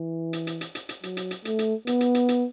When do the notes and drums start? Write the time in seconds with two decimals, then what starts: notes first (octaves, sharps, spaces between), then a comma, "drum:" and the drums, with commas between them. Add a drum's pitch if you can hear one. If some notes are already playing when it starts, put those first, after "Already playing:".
Already playing: E3
0.33 drum: hi-hat
0.47 drum: hi-hat
0.61 drum: hi-hat
0.75 drum: hi-hat
0.89 drum: hi-hat
1.03 F#3, drum: hi-hat
1.17 drum: hi-hat
1.31 drum: hi-hat
1.45 A3, drum: hi-hat
1.59 drum: hi-hat
1.87 B3, drum: hi-hat
2.01 drum: hi-hat
2.15 drum: hi-hat
2.29 drum: hi-hat